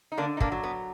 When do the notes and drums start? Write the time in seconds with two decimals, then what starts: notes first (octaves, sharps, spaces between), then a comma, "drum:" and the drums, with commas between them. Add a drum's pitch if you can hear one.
0.12 D#4
0.18 D3 A#3 D4
0.37 D#4
0.40 A#3 D4, drum: kick
0.52 F#3
0.64 B3